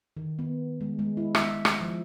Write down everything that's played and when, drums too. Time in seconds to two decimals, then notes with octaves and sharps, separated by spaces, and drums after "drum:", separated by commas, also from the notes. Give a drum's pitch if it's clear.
0.17 D#3
0.39 B3
0.81 G#3
0.99 G#3
1.17 E4
1.35 E5, drum: rim click
1.65 drum: rim click
1.81 F3